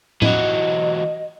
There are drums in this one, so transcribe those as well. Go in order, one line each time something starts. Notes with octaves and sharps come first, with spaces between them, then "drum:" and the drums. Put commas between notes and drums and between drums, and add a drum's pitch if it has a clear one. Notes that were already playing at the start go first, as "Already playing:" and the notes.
E3 F#3 D#5, drum: tom A2